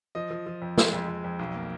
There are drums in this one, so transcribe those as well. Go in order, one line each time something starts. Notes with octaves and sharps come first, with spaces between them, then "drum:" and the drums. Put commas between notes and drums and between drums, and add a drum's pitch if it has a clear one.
F3 D#5
F3
F3
F2
G#3, drum: snare
F2
F2
F2
B1
A#3